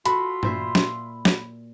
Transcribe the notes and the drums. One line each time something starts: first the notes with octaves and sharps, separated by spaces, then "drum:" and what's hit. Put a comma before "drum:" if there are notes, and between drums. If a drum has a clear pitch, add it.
F4 F#4 A4 B5, drum: hi-hat
A#2 C5 E5, drum: tom G2
drum: snare
drum: snare